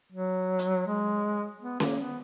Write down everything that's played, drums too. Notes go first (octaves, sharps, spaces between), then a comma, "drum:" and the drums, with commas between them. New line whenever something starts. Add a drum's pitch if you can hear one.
F#3
drum: hi-hat
G#3
B3
A#3, drum: snare C#4
B3